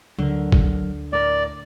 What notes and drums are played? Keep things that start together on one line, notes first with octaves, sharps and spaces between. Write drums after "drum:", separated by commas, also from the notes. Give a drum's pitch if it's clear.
D2 D3 F#3 A#4
drum: kick G#1
A2 A#4 D5